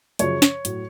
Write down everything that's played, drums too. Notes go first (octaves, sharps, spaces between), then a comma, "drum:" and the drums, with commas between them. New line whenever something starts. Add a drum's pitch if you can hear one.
F#2 C#3 F3 C#5, drum: hi-hat
drum: snare
A2 F#3, drum: hi-hat